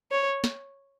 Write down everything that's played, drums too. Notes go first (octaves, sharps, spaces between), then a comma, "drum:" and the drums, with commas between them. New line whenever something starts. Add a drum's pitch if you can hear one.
C#5
drum: snare